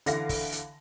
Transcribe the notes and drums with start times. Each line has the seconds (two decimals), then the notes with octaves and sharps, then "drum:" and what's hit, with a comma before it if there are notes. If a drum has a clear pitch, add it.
0.06 D3 E3 F5 A#6, drum: hi-hat
0.29 drum: kick, open hi-hat
0.52 drum: hi-hat